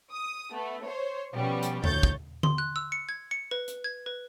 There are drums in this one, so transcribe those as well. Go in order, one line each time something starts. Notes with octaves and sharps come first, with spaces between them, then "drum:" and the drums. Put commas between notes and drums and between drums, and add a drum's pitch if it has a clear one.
D#6
A3 B3
C5 C#5
B2 F3 G3 B3 C#4
drum: hi-hat
D2 A2 C#5 G6 A6, drum: tom E2
drum: kick
C6, drum: tom D3
F#6
E6
C#7
G#6
C#7
B4
drum: hi-hat
G#6
B4